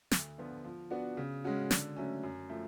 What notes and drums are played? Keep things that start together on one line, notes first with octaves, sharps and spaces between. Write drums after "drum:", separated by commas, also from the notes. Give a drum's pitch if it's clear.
D2, drum: snare
D3 F3 B3 F4
F3
B3 D4 F#4
C#3
G#3 C#4 F#4
D3, drum: snare
F#3 A3 C#4
F#2
F3 A3